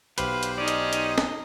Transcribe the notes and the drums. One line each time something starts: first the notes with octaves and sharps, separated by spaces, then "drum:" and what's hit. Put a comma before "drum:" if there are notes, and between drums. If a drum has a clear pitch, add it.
B1 G4 B4 C5 F5, drum: hi-hat
drum: hi-hat
C#4 D#4 D5 D#5
drum: hi-hat
drum: hi-hat
drum: snare